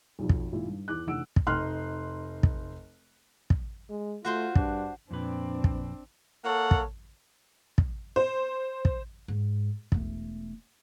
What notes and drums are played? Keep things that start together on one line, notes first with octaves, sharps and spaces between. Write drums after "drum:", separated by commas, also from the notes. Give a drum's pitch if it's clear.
B1 F2
drum: kick
G#1 A#2 E4
G2
E2 D6 F#6
F1 D3 E3 F#5 E6 D7
drum: kick
F1 D#4 C6 F6 F#6
drum: kick
drum: kick
G#3
A3 F4 F#4 C5 C6
G2 D4, drum: kick
F2 A#2 C4 D4 B4
drum: kick
A#3 A4 C#5 F#5
drum: kick
drum: kick
C5
drum: kick
G#2
E1 A3, drum: kick